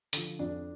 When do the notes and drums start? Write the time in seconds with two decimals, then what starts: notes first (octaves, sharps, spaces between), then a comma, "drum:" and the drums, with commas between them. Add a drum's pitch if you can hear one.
0.13 D3 F3, drum: hi-hat
0.39 F2 D4